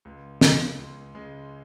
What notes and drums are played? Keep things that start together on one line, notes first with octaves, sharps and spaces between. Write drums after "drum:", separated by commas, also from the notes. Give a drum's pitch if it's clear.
C#2
C#3 G#3, drum: snare
C#2
C#3 G#3